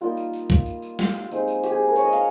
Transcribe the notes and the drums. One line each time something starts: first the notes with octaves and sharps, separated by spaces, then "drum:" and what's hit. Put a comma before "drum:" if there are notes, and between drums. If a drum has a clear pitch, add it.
G3 A#3 D#4 F4
drum: tambourine
drum: tambourine
drum: kick, tambourine
drum: tambourine
drum: tambourine
G4, drum: snare
drum: tambourine
G#3 C4 D#4, drum: tambourine
drum: tambourine
G4, drum: tambourine
G#4
A#4
C#5, drum: tambourine
D#5
F5, drum: tambourine